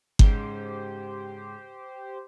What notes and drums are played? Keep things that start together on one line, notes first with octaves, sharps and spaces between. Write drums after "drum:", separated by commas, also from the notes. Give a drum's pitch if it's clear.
G#2 C#3 G4 C5 G7, drum: kick G1